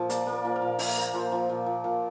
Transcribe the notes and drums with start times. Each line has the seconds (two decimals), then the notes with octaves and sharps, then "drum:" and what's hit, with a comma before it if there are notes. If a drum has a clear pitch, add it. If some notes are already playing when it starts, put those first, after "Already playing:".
Already playing: A#2 F3
0.10 A#3 D5, drum: hi-hat
0.27 A#3
0.33 D5
0.45 F3
0.56 F5
0.62 A#2
0.79 F3 E5, drum: open hi-hat
0.97 A#3
1.14 A#2 C5
1.32 F3
1.49 A#2
1.66 A#2
1.84 A#2